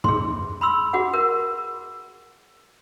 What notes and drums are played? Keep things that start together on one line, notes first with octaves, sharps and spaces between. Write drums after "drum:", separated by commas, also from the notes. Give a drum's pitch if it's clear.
G#4 C6, drum: tom
B5 C6 E6
F#4 G#4 F#5
A#4